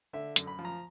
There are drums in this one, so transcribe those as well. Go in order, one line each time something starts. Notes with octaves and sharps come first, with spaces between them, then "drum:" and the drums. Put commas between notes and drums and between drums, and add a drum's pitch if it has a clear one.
D3 E5
F#2, drum: hi-hat
B5
F3
A#5